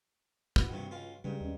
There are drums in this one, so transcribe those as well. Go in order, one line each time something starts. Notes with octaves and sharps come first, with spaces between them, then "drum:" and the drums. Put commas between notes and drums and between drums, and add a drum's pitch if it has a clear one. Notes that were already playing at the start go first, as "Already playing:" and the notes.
F#4 B4, drum: kick
A#1 G2 C3
C#2 F4
G2 C#3 G3 G#3 D#4
D#2 C#4